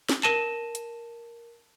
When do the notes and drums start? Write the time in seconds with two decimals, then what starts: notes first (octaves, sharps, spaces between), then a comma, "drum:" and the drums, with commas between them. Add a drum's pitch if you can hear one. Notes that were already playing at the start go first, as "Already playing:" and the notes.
0.09 drum: snare
0.23 A#4 A5 A#6 D#7 E7, drum: clap
0.75 drum: hi-hat